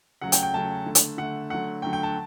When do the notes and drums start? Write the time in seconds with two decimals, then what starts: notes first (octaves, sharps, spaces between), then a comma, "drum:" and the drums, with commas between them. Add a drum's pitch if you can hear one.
0.21 C#3 F#3 A3 F#5
0.32 G5, drum: hi-hat
0.43 G5
0.54 C#3 F#3 A3 A5
0.86 D3 A3
0.95 drum: hi-hat
1.18 D3 A3 F#5
1.50 D3 F#3 A3 F#5
1.82 D3 F#3 A3 G5
1.93 G5
2.03 A5